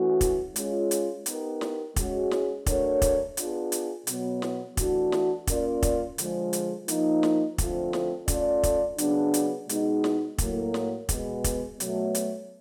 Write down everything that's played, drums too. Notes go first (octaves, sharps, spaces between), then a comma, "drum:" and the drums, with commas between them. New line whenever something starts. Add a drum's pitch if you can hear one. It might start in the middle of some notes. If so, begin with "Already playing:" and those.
Already playing: E3 A3 C#4 F#4
drum: kick, hi-hat
G#3 C#4 F4, drum: hi-hat
drum: hi-hat
B3 D#4 G4 A#4, drum: hi-hat
drum: snare
G#3 C#4 F#4, drum: kick, hi-hat
drum: snare
A3 D4 F#4 A#4 C#5, drum: kick, hi-hat
drum: kick, hi-hat
B3 D4 F4 G#4, drum: hi-hat
drum: hi-hat
B2 F#3 B3, drum: hi-hat
drum: snare
E3 A3 D4 F#4, drum: kick, hi-hat
drum: snare
A#3 C#4 F4 A#4 D5, drum: kick, hi-hat
drum: kick, hi-hat
D3 F3 G#3, drum: hi-hat
drum: hi-hat
F3 A#3 D#4, drum: hi-hat
drum: snare
D3 F3 A3 C4 F4, drum: kick, hi-hat
drum: snare
A3 C#4 F4 A4 D5, drum: kick, hi-hat
drum: kick, hi-hat
C#3 F#3 B3 D4, drum: hi-hat
drum: hi-hat
B2 G#3 B3 D#4, drum: hi-hat
drum: snare
A2 F#3 A#3, drum: kick, hi-hat
drum: snare
B2 G#3 B3, drum: kick, hi-hat
drum: kick, hi-hat
B2 F#3 A3, drum: hi-hat
drum: hi-hat